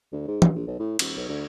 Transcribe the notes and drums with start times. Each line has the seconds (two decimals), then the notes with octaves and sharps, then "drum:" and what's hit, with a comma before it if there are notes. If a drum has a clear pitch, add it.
0.13 D2
0.28 G#2
0.42 G2, drum: tom
0.55 A#1
0.67 B1
0.79 A2
0.99 D#1, drum: cymbal
1.17 B1
1.29 D2